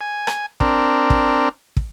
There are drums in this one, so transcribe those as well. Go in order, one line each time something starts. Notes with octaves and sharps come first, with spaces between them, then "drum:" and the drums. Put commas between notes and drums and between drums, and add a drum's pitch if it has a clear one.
G#5
drum: rim click
C4 D4 A#4, drum: kick
drum: kick
drum: kick